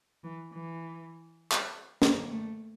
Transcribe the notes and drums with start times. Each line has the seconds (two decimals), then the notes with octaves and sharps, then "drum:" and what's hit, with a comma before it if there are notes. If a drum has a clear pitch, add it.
0.23 E3
0.54 E3
1.52 drum: clap
2.02 A#3, drum: snare
2.31 A3